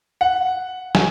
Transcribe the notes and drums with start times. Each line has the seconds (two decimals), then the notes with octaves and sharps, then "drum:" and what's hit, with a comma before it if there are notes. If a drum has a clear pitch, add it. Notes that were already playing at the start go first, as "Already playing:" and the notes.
0.21 F#5
0.95 G#5, drum: snare